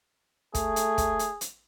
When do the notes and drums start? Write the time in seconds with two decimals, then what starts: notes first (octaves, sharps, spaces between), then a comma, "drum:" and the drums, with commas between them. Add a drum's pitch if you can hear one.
0.55 A3 G#4, drum: kick, hi-hat
0.76 drum: hi-hat
0.98 drum: kick, hi-hat
1.19 drum: hi-hat
1.41 drum: hi-hat